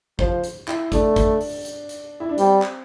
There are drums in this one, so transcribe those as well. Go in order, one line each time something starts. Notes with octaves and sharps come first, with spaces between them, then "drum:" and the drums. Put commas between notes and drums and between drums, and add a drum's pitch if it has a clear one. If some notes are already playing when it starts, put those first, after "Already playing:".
F3 C5, drum: kick
drum: hi-hat
E4, drum: clap
A3 D4, drum: kick, hi-hat
drum: kick, hi-hat
drum: open hi-hat
drum: hi-hat
drum: hi-hat
E4
D4
G3 C4, drum: hi-hat
drum: clap